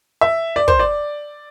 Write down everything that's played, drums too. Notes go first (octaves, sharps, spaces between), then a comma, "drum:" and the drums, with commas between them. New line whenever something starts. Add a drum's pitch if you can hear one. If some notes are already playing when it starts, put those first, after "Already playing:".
E5
D5
C5, drum: kick
D5